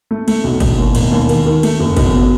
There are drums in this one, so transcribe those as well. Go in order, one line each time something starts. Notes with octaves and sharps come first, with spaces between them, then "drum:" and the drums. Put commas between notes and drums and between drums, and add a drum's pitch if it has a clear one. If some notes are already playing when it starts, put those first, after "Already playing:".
A3
A3, drum: cymbal
B1
E1, drum: kick, cymbal
D#2
E1, drum: cymbal
D#2
D#3, drum: cymbal
D#3
A3, drum: cymbal
F#1
B1, drum: kick, cymbal
B2